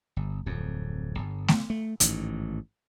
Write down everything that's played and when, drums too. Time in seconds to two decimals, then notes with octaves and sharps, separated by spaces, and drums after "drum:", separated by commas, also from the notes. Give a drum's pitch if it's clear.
0.16 G1
0.46 D1 F2
1.19 G1
1.48 drum: snare A3
1.70 A3
2.00 A1 G#2 D#3, drum: hi-hat